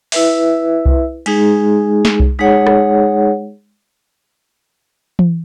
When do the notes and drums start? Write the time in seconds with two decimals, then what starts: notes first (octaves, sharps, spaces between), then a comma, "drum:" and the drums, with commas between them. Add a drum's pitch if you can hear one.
0.12 E4 B4 E5, drum: open hi-hat
0.86 drum: kick C2
1.26 G#3 D#4 G#4, drum: cymbal
2.05 drum: snare
2.20 drum: kick C2
2.39 G#3 D#4 G#4 C#5 F#5
2.67 drum: rim click
5.19 drum: tom E3